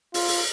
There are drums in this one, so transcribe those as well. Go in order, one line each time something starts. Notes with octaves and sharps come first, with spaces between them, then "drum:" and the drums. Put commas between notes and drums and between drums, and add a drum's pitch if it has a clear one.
F4, drum: open hi-hat
drum: open hi-hat